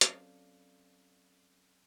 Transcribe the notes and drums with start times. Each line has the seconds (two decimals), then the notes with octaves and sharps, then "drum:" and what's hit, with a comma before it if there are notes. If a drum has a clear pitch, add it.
0.01 F#3 C4 C#4 A4 D5 F5, drum: hi-hat